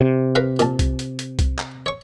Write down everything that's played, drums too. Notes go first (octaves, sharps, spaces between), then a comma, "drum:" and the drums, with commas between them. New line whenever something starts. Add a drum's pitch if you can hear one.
C3
A#4 B4 F5
A#2 A5, drum: hi-hat
drum: kick C2, hi-hat
drum: hi-hat
drum: hi-hat
drum: kick C2, hi-hat
drum: clap
C#5 C#6